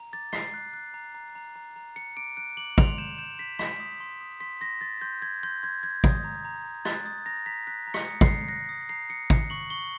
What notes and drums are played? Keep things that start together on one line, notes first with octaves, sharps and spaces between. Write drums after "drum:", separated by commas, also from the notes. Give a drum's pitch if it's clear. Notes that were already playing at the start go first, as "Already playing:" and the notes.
Already playing: A#5
D6 A6
A#5 C7, drum: rim click
F#6
F#6
A#5
A#5
A#5
A#5
A#5
A#5 C#7
D6 D7
F#6 D7
D6 F#7
C6 F7, drum: kick
G6 E7
G6 E7
C6 B6
C6 B6, drum: rim click
D#6
C6
D#6
C6 B6
C6 A#6
C6 A6
C6 G6
C6 G#6
C6 G6
C6 G#6
C6 G#6
D#6, drum: kick
A#5
A#5
A#5
F#6 A6, drum: rim click
D#6 A6
A#5 A#6
A#5 B6
F#6 B6
A#5
C#7, drum: rim click
D#6
C7, drum: kick
A#5
F#6 A#6
D#6
A#5 C7
D#6 C#7
F#6 C#7, drum: kick
C#6 F#7
C#6 G7